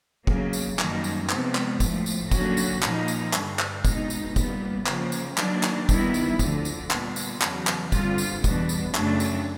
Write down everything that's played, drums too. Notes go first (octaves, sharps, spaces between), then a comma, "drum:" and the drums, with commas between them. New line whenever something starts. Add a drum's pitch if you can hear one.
C#3 F#3 A#3, drum: kick
drum: tambourine
F#2 D#3 G3 A#3 D#4, drum: clap
drum: tambourine
C3 F3 G#3 B3, drum: clap
drum: clap
A2 F3 A3, drum: kick, tambourine
drum: tambourine
D3 F#3 A#3 C#4 F#4, drum: kick, tambourine
drum: tambourine
A#2 F3 A#3 D#4, drum: clap
drum: tambourine
G2 D3 G3, drum: clap
drum: clap
B2 G#3 B3 D#4, drum: kick, tambourine
drum: tambourine
A#2 G3 B3, drum: kick, tambourine
C#3 F3 A#3, drum: clap
drum: tambourine
D#3 F#3 A#3 D4, drum: clap
drum: clap
D#3 G3 B3 E4, drum: kick, tambourine
drum: tambourine
D2 D3 F3, drum: kick, tambourine
drum: tambourine
A#2 G3 B3, drum: clap
drum: tambourine
E2 C#3 F#3, drum: clap
drum: clap
G2 D3 G3 C4 F4, drum: kick, tambourine
drum: tambourine
E2 B2 G3 B3 D4, drum: kick, tambourine
drum: tambourine
F#2 C#3 F#3 A3 D4, drum: clap
drum: tambourine